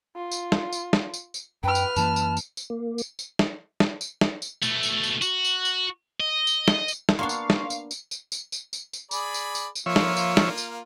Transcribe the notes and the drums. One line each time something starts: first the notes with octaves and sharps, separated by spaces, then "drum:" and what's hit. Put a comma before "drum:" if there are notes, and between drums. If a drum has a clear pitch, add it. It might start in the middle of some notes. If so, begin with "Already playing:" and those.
F4
drum: tambourine
drum: snare
drum: tambourine
drum: snare
drum: tambourine
drum: tambourine
F#2 B4 G5 F6
drum: tambourine
F#2 E3 A#3 A5, drum: tambourine
drum: tambourine
drum: tambourine
drum: tambourine
A#3
drum: tambourine
drum: tambourine
drum: snare
drum: snare
drum: tambourine
drum: snare
drum: tambourine
B2 A3, drum: tambourine
drum: tambourine
drum: tambourine
F#4, drum: tambourine
drum: tambourine
drum: tambourine
D#5
drum: tambourine
drum: snare
drum: tambourine
drum: snare
A#3 B3 D4 F5 C6 C#6
drum: tambourine
drum: snare
drum: tambourine
drum: tambourine
drum: tambourine
drum: tambourine
drum: tambourine
drum: tambourine
drum: tambourine
G#4 D5 B5, drum: tambourine
drum: tambourine
drum: tambourine
drum: tambourine
F3 A#3 F4 C#5 E5
drum: snare
drum: tambourine
drum: snare
drum: tambourine